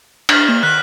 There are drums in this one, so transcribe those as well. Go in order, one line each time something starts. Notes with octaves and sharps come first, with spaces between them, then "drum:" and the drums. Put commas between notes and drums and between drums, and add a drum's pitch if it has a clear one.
D4 F6 F#7, drum: cymbal
A#3
D#3 F#6 B6